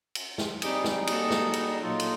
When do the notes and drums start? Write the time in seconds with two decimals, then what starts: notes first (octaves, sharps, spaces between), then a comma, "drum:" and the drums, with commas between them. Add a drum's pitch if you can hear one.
0.15 drum: cymbal
0.38 drum: snare
0.62 G3 C4 D#4 G4 G#4, drum: cymbal
0.84 drum: snare
1.07 A#3 F#4 A4, drum: cymbal
1.30 drum: snare
1.53 drum: cymbal
1.82 A#2 F#3 D#4 F4 A4
2.00 drum: cymbal